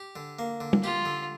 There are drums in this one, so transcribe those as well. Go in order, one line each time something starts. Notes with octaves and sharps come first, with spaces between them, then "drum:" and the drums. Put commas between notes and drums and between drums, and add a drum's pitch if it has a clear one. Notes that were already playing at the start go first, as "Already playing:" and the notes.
Already playing: G4
D3
A#3
D3
drum: tom
F4 G4
D3